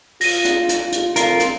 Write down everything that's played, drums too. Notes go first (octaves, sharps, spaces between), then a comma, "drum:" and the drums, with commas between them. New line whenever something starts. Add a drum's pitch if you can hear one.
F4 A#6 D#7, drum: open hi-hat
drum: hi-hat
drum: hi-hat
F4
drum: hi-hat
F2 F4 A#4, drum: hi-hat
drum: hi-hat